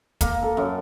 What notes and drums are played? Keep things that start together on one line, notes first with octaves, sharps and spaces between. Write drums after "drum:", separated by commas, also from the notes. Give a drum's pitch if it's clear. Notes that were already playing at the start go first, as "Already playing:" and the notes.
A#3, drum: kick, hi-hat
A4
F#2